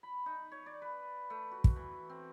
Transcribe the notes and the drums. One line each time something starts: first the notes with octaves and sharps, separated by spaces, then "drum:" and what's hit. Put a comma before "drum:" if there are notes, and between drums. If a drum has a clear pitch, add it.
B5
D#4
C#5
D5
B4
A3
F#4
drum: kick
E3
C4